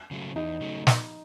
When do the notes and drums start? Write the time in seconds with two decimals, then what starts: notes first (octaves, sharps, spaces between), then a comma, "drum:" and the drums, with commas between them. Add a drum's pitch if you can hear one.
0.11 C#3 F#3 A3
0.36 E2 D#4
0.61 C#3 F#3 A3
0.87 drum: snare